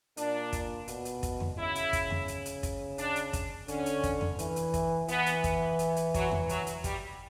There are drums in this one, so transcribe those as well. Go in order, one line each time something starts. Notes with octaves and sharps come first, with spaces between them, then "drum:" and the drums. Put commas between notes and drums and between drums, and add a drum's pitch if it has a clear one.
A#2 D4, drum: hi-hat
drum: kick, hi-hat
B2, drum: hi-hat
drum: hi-hat
drum: kick, hi-hat
drum: tom E2
C#3 E4
drum: hi-hat
drum: kick, hi-hat
drum: tom E2
drum: hi-hat
drum: hi-hat
drum: kick, hi-hat
D4, drum: hi-hat
drum: hi-hat
drum: kick, hi-hat
D3 C#4, drum: hi-hat
drum: hi-hat
drum: kick, hi-hat
drum: tom E2
E3, drum: hi-hat
drum: hi-hat
drum: kick, hi-hat
E3 B3, drum: hi-hat
drum: hi-hat
drum: kick, hi-hat
drum: hi-hat
drum: hi-hat
F#3, drum: kick, hi-hat
drum: tom E2
F#3, drum: hi-hat
drum: hi-hat
G3, drum: kick, hi-hat